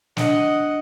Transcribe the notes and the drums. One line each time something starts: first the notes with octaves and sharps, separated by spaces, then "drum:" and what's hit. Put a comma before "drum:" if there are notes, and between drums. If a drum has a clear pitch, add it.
D4 D#5 F#5, drum: snare